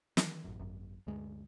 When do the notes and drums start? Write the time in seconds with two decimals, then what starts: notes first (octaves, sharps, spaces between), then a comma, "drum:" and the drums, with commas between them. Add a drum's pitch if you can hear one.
0.17 D#3 E3, drum: snare
0.44 A1 F#2
0.59 G#1 F#2
1.07 D2 G2 G#3